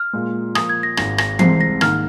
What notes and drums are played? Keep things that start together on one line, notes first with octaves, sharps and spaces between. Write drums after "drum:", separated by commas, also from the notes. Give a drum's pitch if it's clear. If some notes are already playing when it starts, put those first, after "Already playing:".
Already playing: F6
A#2 G#3 F4
A#2 F3 A#3 D#6, drum: rim click
G#6
A#6
G#1 G#2 G#3 A#6, drum: rim click
A#6, drum: rim click
C2 C3 G#3 C4 C7, drum: tom E3
A#6
G#2 D#3 A#3 F6, drum: rim click